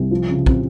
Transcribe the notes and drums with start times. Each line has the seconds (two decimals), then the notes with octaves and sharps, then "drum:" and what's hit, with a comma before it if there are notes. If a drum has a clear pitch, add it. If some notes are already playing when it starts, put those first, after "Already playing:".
Already playing: C2
0.11 F3
0.29 C#3
0.46 C4, drum: kick